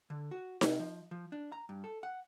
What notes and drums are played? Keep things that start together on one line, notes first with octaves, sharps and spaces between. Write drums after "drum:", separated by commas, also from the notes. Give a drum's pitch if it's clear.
D3
F#4
C3, drum: snare D#4
F3
F3
D4
A#5
G2
A4
F#5